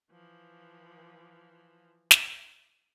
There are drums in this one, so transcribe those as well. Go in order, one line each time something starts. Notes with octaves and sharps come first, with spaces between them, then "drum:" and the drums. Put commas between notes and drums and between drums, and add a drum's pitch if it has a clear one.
E3 F3
drum: snare